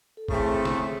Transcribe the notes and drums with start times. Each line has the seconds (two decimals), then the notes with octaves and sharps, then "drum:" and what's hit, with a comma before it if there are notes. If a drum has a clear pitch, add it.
0.17 A4
0.29 C#3 E3 A3 C4 G#4, drum: kick G1
0.65 drum: snare